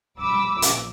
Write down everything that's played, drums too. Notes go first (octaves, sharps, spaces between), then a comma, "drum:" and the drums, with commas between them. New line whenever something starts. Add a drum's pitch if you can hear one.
B5 D6 E6
A#1, drum: hi-hat